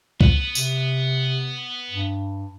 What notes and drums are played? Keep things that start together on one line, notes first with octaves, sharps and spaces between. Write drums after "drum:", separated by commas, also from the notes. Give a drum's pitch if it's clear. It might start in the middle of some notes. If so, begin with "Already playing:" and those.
B3, drum: kick C2
C3, drum: tambourine
G2